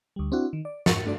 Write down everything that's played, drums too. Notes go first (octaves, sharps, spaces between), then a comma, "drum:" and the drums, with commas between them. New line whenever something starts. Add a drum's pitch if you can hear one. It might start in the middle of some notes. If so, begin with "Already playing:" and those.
D2 G3
C4 D4 E4 F#4
D#3
D5
F2 G#2 A#4 C#6 A6 C#7, drum: snare
G2 A3 D4 F#4 A4 D5